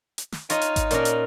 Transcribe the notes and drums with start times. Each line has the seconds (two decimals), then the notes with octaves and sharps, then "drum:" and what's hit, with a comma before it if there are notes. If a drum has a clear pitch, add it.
0.18 drum: hi-hat
0.32 drum: snare
0.50 D#4 F4 C#5 D#5, drum: hi-hat
0.61 drum: hi-hat
0.76 drum: kick G#1, hi-hat
0.91 A#2 C#4 A#4, drum: hi-hat
1.05 drum: hi-hat